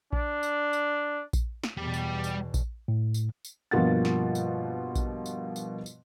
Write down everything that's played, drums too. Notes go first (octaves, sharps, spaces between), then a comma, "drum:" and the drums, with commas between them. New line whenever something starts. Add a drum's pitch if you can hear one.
D4, drum: kick A#1
drum: tambourine
drum: tambourine
drum: kick A#1, tambourine
drum: snare
E2 B2 G3 G4
drum: tambourine
drum: tambourine
drum: kick A#1, tambourine
A2
drum: tambourine
drum: tambourine
G2 B2 F3 A#3 F#5 A6
drum: snare
drum: tambourine
drum: kick A#1, tambourine
drum: tambourine
drum: tambourine
drum: tambourine